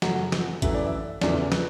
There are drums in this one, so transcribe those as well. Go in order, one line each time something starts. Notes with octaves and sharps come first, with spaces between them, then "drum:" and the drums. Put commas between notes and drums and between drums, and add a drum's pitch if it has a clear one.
F#2 C#3 F#3 A3 F#5, drum: snare
drum: snare
F#2 E3 A3 E5, drum: kick A1, hi-hat
D5
E5
E2 C#3 E3 A3 D5, drum: snare
B4, drum: snare